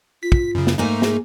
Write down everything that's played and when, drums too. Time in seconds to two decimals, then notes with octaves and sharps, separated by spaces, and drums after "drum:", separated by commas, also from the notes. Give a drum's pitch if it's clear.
0.23 F4 B6
0.32 drum: kick
0.55 F#2 C#3
0.67 drum: snare
0.78 G#2 A3 A#3 D#4 G#5
1.02 G#4, drum: snare